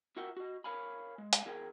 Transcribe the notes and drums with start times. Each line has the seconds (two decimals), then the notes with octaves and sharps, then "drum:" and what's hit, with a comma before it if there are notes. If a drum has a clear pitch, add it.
0.17 F4 F#4 A#4 E5 F#5 G5
0.37 F#4 D#5
0.64 A#4 C#5 F5 G#5 B5
1.18 G#3
1.33 drum: hi-hat
1.45 E2 G#4 A#4 G5